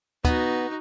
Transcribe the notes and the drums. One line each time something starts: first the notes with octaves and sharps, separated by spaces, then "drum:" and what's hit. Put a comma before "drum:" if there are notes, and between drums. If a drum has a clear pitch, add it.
B3 D#4 F#4, drum: kick D2, hi-hat